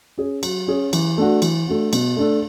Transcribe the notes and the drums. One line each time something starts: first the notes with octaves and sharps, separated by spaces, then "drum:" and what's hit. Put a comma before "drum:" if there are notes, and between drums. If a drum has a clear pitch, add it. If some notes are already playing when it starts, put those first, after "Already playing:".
C#4 G#4
F#3, drum: cymbal
C#4 G#4
E3, drum: cymbal
A3 D4 F#4
E3, drum: cymbal
A3 D4 F#4
B2, drum: cymbal
A3 D4 A4